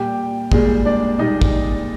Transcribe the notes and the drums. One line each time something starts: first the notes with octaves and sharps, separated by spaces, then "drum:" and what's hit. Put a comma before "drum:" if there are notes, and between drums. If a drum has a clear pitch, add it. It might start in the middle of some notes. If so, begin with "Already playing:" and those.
Already playing: A#2 G3 G4
A#2 G3 G#3 G#4, drum: kick
D4 D5
A#2 G3 D#4 D#5
drum: kick